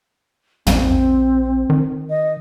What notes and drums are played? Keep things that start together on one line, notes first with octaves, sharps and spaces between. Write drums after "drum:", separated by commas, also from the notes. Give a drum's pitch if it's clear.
A#1 C4, drum: tom
D#3
D#5